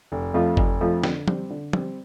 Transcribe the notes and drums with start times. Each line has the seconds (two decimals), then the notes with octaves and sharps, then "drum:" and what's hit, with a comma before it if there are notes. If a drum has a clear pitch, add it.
0.12 F1
0.34 F2 F3 A3 F4
0.57 F1, drum: kick G1
0.81 F2 F3 A3 F4
1.04 D3, drum: snare
1.28 G3 C4, drum: tom
1.50 D3
1.73 G3 C4, drum: tom